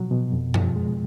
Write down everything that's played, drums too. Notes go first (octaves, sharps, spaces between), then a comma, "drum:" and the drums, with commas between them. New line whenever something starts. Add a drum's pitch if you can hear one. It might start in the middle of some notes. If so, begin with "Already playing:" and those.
Already playing: B2 F3 F#3
B2
F2
F3, drum: tom F#2
G#3